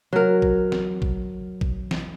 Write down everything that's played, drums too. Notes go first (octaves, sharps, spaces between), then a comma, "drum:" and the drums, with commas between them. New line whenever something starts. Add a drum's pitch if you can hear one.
F#3 A#4
drum: kick
drum: snare
drum: kick
drum: kick
drum: snare